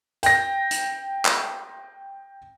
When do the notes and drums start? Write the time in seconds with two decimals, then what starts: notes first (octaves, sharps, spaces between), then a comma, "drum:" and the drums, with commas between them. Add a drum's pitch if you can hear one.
0.23 G5 A#6, drum: hi-hat
0.71 drum: hi-hat
1.25 drum: clap